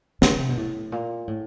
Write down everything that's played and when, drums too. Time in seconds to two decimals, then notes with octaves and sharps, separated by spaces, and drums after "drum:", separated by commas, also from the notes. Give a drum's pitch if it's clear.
0.22 D3, drum: snare
0.31 C#3
0.39 C3
0.49 B2
0.57 A2
0.92 A#2
1.28 A2